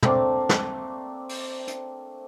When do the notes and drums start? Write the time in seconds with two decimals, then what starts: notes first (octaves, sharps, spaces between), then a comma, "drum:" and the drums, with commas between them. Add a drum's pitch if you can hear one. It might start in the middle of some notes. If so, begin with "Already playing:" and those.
0.03 A3 A#3 C4 D4, drum: tom
0.49 drum: snare
1.29 drum: open hi-hat
1.68 drum: hi-hat